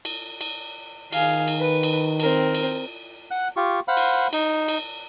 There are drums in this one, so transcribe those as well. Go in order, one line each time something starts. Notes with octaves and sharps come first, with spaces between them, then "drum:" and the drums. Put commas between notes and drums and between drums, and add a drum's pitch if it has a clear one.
drum: cymbal
drum: cymbal
D#3 G#4 F5, drum: cymbal
drum: cymbal
B4
drum: cymbal
C4 A#4, drum: cymbal
drum: cymbal
F#5 F#6
F4 G4 C#6
C5 F5 F#5 B5
drum: cymbal
D#4, drum: cymbal
drum: cymbal